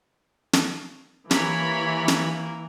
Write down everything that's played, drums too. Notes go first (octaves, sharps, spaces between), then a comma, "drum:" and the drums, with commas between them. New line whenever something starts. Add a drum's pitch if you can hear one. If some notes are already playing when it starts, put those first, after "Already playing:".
drum: snare
E3 A#3 G4 C#5 B5, drum: snare
drum: snare